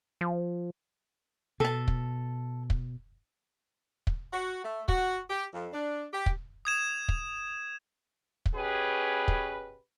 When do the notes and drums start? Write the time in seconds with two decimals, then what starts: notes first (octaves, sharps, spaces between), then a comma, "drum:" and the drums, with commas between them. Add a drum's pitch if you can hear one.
0.21 F3
1.60 B2 A4 A5
1.88 drum: kick
2.70 drum: kick
4.07 drum: kick
4.33 F#4
4.64 A3
4.88 F#4, drum: kick
5.30 G4
5.54 F2
5.73 D4
6.13 G4
6.26 drum: kick
6.65 D#6 G#6 E7
7.08 drum: kick
8.46 drum: kick
8.55 B2 C#4 G4 G#4 B4
9.28 drum: kick